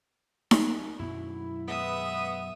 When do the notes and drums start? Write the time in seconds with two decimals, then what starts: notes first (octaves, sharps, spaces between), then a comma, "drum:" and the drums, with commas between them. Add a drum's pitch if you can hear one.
0.51 drum: snare D#4
0.99 F#2 B2 F#3 E4
1.68 G#3 B3 B4 E5 D#6